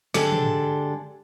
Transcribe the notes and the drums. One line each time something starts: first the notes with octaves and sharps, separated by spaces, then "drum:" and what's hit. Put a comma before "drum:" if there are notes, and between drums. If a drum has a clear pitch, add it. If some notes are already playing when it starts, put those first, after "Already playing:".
D3 G#3 D4 G4 A4, drum: snare
drum: tom